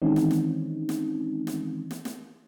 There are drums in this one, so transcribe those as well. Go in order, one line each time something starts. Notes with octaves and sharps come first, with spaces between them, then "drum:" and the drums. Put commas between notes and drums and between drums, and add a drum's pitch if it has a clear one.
D#3 E3 G#3 C4 C#4 D#4
drum: snare
drum: snare
drum: snare
drum: snare
drum: snare
drum: snare